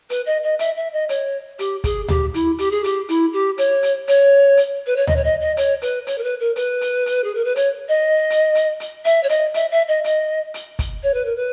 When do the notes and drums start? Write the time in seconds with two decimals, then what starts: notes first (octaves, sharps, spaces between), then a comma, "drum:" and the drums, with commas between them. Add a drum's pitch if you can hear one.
0.10 B4, drum: hi-hat
0.26 D#5
0.43 D#5
0.59 E5, drum: hi-hat
0.77 E5
0.93 D#5
1.09 C#5, drum: hi-hat
1.59 G4, drum: hi-hat
1.84 G#4, drum: kick, hi-hat
2.08 G4, drum: tom D2
2.34 E4, drum: hi-hat
2.58 G4, drum: hi-hat
2.71 G#4
2.84 G4, drum: hi-hat
3.09 E4, drum: hi-hat
3.33 G4
3.58 C#5, drum: hi-hat
3.83 drum: hi-hat
4.08 C#5, drum: hi-hat
4.57 drum: hi-hat
4.87 B4
4.96 C#5
5.07 D#5, drum: tom D2
5.16 C#5
5.24 D#5
5.41 D#5
5.57 C#5, drum: hi-hat
5.82 B4, drum: hi-hat
6.07 C#5, drum: hi-hat
6.18 A#4
6.23 B4
6.40 A#4
6.56 B4, drum: hi-hat
6.81 drum: hi-hat
7.06 drum: hi-hat
7.24 G#4
7.35 A#4
7.45 B4
7.56 C#5, drum: hi-hat
7.89 D#5
8.30 drum: hi-hat
8.55 drum: hi-hat
8.80 drum: hi-hat
9.05 E5, drum: hi-hat
9.23 C#5
9.29 D#5, drum: hi-hat
9.54 E5, drum: hi-hat
9.71 E5
9.88 D#5
10.04 D#5, drum: hi-hat
10.54 drum: hi-hat
10.79 drum: kick, hi-hat
11.03 C#5
11.14 B4
11.25 A#4
11.36 B4